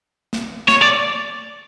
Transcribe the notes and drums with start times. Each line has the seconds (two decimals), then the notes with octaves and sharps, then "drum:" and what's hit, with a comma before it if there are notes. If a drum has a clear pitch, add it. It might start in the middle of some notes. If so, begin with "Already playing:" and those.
0.33 drum: snare
0.68 C#5, drum: snare
0.82 D5